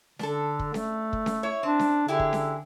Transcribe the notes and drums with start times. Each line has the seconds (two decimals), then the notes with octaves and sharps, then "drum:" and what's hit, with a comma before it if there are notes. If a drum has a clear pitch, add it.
0.19 D3 D4 A4, drum: snare C#4
0.59 drum: kick
0.74 A3, drum: snare C#4
1.13 drum: kick
1.26 drum: snare C#4
1.43 E4 C#5
1.63 C4 D4
1.79 drum: snare C#4
2.08 D3 E4 G4 G#4
2.19 drum: kick
2.33 drum: snare C#4